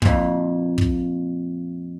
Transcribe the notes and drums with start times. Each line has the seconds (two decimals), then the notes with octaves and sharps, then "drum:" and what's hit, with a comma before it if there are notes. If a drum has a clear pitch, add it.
0.02 F2 A#2, drum: kick
0.78 drum: kick